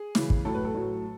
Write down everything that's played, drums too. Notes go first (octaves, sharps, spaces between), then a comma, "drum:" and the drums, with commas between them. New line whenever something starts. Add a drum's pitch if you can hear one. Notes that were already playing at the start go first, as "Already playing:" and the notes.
Already playing: G#4
C#3 E3, drum: snare
drum: kick
A2 F#3 A4
B4
A4
A2 F#3